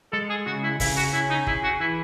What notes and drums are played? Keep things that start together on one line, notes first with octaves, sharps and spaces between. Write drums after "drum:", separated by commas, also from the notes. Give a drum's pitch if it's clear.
G#3 A4
G#4
C#3 F#4
E4
C#3 E4, drum: kick, open hi-hat
F#4
C#4 E4
D#4
E4 G#4, drum: kick
F#4
E3 E4